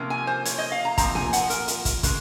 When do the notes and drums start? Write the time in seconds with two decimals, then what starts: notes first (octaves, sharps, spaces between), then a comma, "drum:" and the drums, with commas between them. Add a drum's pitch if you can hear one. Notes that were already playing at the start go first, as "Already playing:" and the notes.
Already playing: C3 F3 A#3 C#4
0.10 G#5
0.27 C5
0.45 C#5, drum: hi-hat
0.58 D#5
0.72 F5
0.85 A#5
0.98 A#2 F3 C4 A#5, drum: kick, hi-hat
1.15 G#5, drum: snare A#3
1.33 F#5, drum: hi-hat
1.50 A#4, drum: hi-hat
1.68 drum: hi-hat
1.85 drum: kick, hi-hat
2.03 C#3 G#3, drum: kick, hi-hat